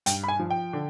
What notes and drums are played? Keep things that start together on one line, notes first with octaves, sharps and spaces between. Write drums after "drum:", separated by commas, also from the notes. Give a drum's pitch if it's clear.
G2 G5, drum: hi-hat
B5
G#5
F3
G5
D3